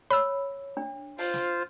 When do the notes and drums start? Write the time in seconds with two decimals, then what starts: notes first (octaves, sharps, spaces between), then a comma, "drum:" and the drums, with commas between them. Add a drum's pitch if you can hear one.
0.10 C#5 B5 E6
0.77 D4
1.18 F4 C5 F5, drum: open hi-hat
1.34 drum: snare